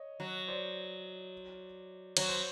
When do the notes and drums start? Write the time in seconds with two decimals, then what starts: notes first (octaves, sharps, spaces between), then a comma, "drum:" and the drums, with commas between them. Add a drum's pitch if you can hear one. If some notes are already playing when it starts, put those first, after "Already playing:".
Already playing: C#5 D#5
0.20 F#3
0.48 C5 D5
2.17 F#3 C#5, drum: cymbal
2.28 C5